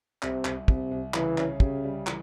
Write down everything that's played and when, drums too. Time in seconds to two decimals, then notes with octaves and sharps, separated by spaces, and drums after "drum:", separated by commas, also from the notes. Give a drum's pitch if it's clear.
0.22 C2 C3, drum: clap
0.45 C2, drum: clap
0.68 C2 C3, drum: kick
0.91 C2
1.14 C#3 E3, drum: clap
1.38 C#4, drum: clap
1.60 C#3 G4, drum: kick
1.84 G3
2.07 E3, drum: clap